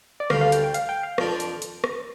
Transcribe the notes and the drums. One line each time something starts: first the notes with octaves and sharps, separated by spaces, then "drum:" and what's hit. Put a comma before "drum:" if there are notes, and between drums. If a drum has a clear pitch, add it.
D5
D2 D3 G3 F5, drum: rim click
F5
G5, drum: hi-hat
G5
F5, drum: hi-hat
G5
F5
F2 F3 D4, drum: rim click
drum: hi-hat
drum: hi-hat
drum: rim click